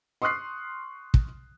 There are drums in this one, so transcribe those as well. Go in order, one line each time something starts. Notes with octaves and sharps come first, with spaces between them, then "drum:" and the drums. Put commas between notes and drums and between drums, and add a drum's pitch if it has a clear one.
C6 C#6 D#6 F6 F#6 C7
drum: kick